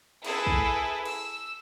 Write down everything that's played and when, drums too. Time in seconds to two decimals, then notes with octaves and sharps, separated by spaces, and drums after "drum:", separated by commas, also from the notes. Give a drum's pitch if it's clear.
0.25 E4 G#4 A4 B4, drum: cymbal
0.47 drum: kick
1.05 E6, drum: cymbal